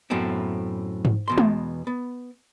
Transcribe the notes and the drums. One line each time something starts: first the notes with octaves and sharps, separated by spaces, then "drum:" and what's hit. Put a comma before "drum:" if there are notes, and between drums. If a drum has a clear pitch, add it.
F#2 A2 A3 B3 C4
drum: tom G#2
E2 B2 C6
drum: tom G#3
B3